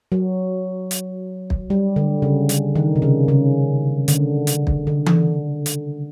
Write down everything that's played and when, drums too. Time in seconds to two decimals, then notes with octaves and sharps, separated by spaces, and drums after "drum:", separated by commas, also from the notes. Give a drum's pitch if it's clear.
0.12 F#3
0.91 drum: hi-hat
1.50 drum: kick
1.70 G3
1.96 D3
2.22 C#3
2.49 drum: hi-hat
2.76 D#3
2.96 C3
3.02 C#3
3.28 C#3
4.08 D3, drum: hi-hat
4.47 drum: hi-hat
4.67 drum: kick
4.87 D3
5.06 drum: tom E3
5.66 drum: hi-hat